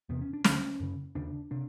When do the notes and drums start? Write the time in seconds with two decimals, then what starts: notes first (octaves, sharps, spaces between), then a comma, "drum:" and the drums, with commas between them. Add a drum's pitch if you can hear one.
0.09 E2 C3 B3
0.21 C#4
0.33 D4
0.44 D2 D3 C#4, drum: snare
0.80 F#2 C#3
1.15 D#2 C#3 D4
1.51 C3 D4